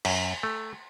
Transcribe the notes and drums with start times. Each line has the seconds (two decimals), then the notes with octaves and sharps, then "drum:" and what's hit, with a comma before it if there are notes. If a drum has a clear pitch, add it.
0.05 F#2, drum: cymbal
0.43 A3